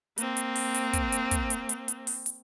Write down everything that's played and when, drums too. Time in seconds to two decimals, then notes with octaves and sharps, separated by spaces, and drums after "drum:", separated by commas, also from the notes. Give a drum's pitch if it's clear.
0.18 A#3 C4, drum: hi-hat
0.37 drum: hi-hat
0.55 drum: open hi-hat
0.74 drum: hi-hat
0.93 drum: kick, hi-hat
1.12 drum: hi-hat
1.31 drum: kick, hi-hat
1.50 drum: hi-hat
1.69 drum: hi-hat
1.88 drum: hi-hat
2.07 drum: open hi-hat
2.26 drum: hi-hat